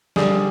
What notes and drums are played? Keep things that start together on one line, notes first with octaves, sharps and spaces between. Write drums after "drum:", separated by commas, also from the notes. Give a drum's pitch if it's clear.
D3 G3 G#4, drum: snare